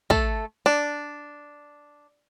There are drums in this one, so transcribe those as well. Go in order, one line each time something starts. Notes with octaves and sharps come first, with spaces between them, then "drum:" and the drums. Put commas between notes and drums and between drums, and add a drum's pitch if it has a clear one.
A3 A4, drum: kick
D4